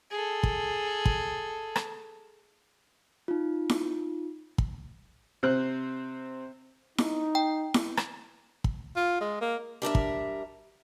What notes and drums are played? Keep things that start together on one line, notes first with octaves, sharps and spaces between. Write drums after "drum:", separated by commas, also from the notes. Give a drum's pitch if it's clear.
G#4 A4
drum: kick
drum: kick
drum: rim click
D#4 F4
drum: snare E4
drum: kick
C3 C4 C5 F#6
D#4, drum: snare E4
G5
drum: snare E4
drum: rim click
drum: kick
F4
G#3
A#3
G3 D4 A#4 E5
drum: kick